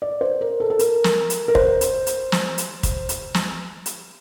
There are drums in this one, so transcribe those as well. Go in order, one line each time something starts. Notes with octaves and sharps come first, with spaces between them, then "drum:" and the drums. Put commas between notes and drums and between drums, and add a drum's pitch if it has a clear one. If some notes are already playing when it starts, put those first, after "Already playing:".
D5
C5
A#4
A4
A4
A#4, drum: hi-hat
drum: snare
drum: hi-hat
A#4
C5, drum: kick
drum: hi-hat
drum: hi-hat
drum: snare
drum: hi-hat
drum: kick, hi-hat
drum: hi-hat
drum: snare
drum: hi-hat